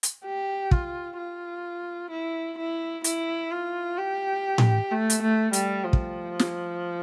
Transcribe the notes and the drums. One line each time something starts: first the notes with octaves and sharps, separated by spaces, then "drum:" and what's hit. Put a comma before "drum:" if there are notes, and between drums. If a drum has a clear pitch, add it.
drum: hi-hat
G4
F4, drum: kick
F4
E4
E4
E4, drum: hi-hat
F4
G4
drum: tom A2
A3
drum: hi-hat
A3
G3, drum: hi-hat
F3
drum: kick
drum: snare